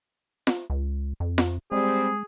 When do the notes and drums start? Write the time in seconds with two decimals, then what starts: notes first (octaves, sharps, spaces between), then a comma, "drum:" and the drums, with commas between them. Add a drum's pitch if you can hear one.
0.47 drum: snare F4
0.70 C#2
1.20 F2
1.38 drum: snare F4
1.72 G3 G#3 C4 G#4